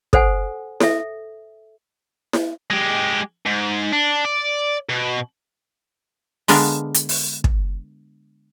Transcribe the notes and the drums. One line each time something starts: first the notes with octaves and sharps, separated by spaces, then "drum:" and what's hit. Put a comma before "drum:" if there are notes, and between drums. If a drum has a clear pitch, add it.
A4 C5 F#5 G#5, drum: kick
A4 E5, drum: snare E4
drum: snare E4
G#3 G4
G#2
D4
D5
B2
D3 G#3 B3 D4 A#4 F5, drum: open hi-hat
drum: hi-hat
drum: open hi-hat
drum: kick